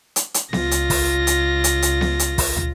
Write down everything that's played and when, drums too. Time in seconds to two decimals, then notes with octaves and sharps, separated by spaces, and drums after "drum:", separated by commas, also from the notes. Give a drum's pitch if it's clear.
0.16 drum: hi-hat
0.34 drum: hi-hat
0.53 C#2 F4 A#6, drum: snare B3
0.71 drum: hi-hat
0.90 drum: kick, open hi-hat
1.27 drum: hi-hat
1.64 drum: hi-hat
1.82 drum: hi-hat
2.01 drum: snare B3
2.19 drum: hi-hat
2.38 drum: kick, open hi-hat
2.56 drum: tom